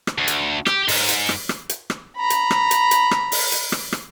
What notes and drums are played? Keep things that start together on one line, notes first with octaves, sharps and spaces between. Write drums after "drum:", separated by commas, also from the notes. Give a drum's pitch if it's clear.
drum: rim click
D2
drum: hi-hat
G4, drum: rim click
G#2, drum: open hi-hat
drum: hi-hat
drum: rim click
drum: rim click
drum: hi-hat
drum: rim click
A#5 B5
drum: hi-hat
drum: rim click
drum: hi-hat
drum: hi-hat
drum: rim click
drum: open hi-hat
drum: hi-hat
drum: rim click
drum: rim click